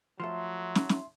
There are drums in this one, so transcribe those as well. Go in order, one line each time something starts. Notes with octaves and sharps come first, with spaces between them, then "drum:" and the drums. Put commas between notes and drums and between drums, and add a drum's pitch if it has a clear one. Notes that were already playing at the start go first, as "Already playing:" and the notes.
F3 F#3 A3 A4 E5 C6
drum: snare
drum: snare